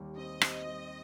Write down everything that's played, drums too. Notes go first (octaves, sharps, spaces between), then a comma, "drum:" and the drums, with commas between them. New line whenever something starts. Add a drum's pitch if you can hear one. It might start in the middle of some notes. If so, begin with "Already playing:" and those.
Already playing: D#2 G3
C4 D#5
C4, drum: rim click
G3